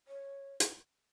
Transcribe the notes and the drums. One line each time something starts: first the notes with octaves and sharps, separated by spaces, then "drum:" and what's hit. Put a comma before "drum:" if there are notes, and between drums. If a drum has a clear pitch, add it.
C#5
drum: hi-hat